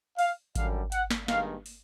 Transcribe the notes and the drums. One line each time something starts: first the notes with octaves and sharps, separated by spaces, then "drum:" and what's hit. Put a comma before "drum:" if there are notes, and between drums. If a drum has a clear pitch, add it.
F5, drum: open hi-hat
F#2 D3 G3 F5, drum: kick G#1, hi-hat
F#5, drum: hi-hat
drum: snare
G2 D#3 G#3 F5, drum: snare
drum: open hi-hat